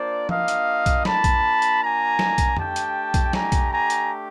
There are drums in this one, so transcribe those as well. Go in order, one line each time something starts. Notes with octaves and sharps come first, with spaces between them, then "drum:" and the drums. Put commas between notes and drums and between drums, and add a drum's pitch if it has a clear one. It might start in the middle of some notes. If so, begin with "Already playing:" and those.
Already playing: A#3 D4 F4 C5 D5
D#5 F5, drum: tom F3
drum: hi-hat
drum: kick B1, hi-hat
A5 B5, drum: snare
drum: kick B1, hi-hat
drum: hi-hat
G#5 A#5
drum: snare
drum: kick B1, hi-hat
A3 D4 G4 G5 A5, drum: tom F2
drum: hi-hat
drum: kick B1, hi-hat
G#5 A#5, drum: snare
drum: kick B1, hi-hat
G#5 A#5
drum: hi-hat